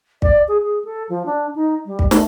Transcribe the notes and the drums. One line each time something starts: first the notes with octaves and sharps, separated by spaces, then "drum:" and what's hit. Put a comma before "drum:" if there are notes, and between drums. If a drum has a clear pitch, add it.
D5, drum: kick
G#4
G#4
A4
F3
D4
D#4
G3
drum: kick
A3, drum: snare